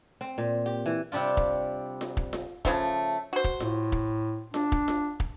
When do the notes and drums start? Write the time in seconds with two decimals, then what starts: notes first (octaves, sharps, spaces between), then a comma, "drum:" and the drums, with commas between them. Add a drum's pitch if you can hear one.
0.21 C4
0.38 A#2
0.66 G4
0.86 E3
1.12 C3 G3 D4 F4
1.37 drum: kick
2.01 drum: snare F4
2.17 drum: kick
2.33 drum: snare F4
2.65 C#3 F3 A3, drum: kick
3.33 F#4 C5
3.44 drum: kick
3.60 A2, drum: snare F4
3.92 drum: kick
4.54 D4, drum: snare F4
4.72 drum: kick
4.88 drum: snare F4
5.20 drum: kick